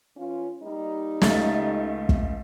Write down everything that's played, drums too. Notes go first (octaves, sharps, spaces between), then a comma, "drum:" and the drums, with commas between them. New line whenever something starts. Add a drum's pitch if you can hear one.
E3 C#4 F4
G3 A#3 D#4
C#2 A3 A6, drum: snare
drum: kick